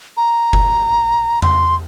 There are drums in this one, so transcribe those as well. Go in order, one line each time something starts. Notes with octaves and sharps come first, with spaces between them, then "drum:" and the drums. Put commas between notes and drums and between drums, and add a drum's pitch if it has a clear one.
A#5
drum: kick F#1
C6, drum: tom E2